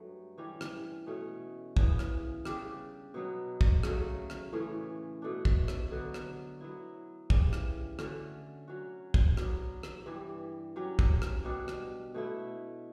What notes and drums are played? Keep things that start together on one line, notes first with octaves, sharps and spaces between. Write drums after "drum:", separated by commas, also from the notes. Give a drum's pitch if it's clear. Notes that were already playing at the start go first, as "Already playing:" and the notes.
Already playing: G2 F#3 A3
E3 G3 C#4 G4
drum: rim click
B2 A3 C#4
C#3 E3 B3, drum: kick
drum: rim click
C#3 G3 D4 G4, drum: rim click
B2 F#3 B3
drum: kick
C#3 F#3 A3, drum: rim click
drum: rim click
A2 E3 A3 C#4
B2 A3 D4
drum: kick
drum: rim click
D3 F#3 B3 F#4
drum: rim click
F#3 B3 E4
C#3 E3 G3, drum: kick
drum: rim click
D3 A3 C#4 F#4, drum: rim click
F#3 C#4 F#4
drum: kick
F#3 B3 D4, drum: rim click
drum: rim click
G2 E3 G3
F#3 C#4 G4
drum: kick
drum: rim click
B2 G3 D4 F#4
drum: rim click
B2 A3 E4